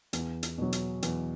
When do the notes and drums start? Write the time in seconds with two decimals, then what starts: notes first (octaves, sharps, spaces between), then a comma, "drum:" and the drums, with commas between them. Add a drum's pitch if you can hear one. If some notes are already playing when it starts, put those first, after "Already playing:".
0.13 E2, drum: hi-hat
0.43 drum: hi-hat
0.58 B2 F#3
0.73 drum: hi-hat
1.03 E2, drum: hi-hat